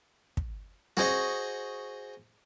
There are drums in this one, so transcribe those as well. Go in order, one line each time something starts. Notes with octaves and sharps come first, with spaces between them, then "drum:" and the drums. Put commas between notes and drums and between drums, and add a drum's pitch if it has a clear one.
drum: kick
F#4 G#4 C5 D#5 C#6, drum: snare